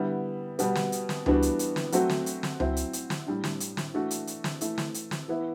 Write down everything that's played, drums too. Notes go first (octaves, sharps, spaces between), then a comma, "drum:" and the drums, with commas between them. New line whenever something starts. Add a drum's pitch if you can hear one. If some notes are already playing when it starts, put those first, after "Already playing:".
Already playing: D3 G3 B3 E4
B2 G3 B3, drum: hi-hat
drum: snare
drum: hi-hat
drum: snare
E3 G3 B3 D4 F#4, drum: tom C#2
drum: hi-hat
drum: hi-hat
drum: snare
F#3 A3 C4 F#4, drum: hi-hat
drum: snare
drum: hi-hat
drum: snare
F#3 C4 E4, drum: tom C#2
drum: hi-hat
drum: hi-hat
drum: snare
A2 G3 D4
drum: snare
drum: hi-hat
drum: snare
E3 A3 D4 F#4
drum: hi-hat
drum: hi-hat
drum: snare
E3 A3 E4, drum: hi-hat
drum: snare
drum: hi-hat
drum: snare
E3 B3 E4